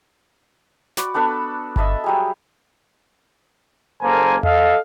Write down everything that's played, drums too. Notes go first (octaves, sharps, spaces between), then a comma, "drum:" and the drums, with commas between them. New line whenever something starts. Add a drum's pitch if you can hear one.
F#4 D5 B5, drum: snare
B3 D4 A4 B4
D#5 E5 A5 B5, drum: kick G1
F#3 G3 G#4
F#1 A#3 A4 A#4 C5 G#5
A4 D#5 F5, drum: tom E2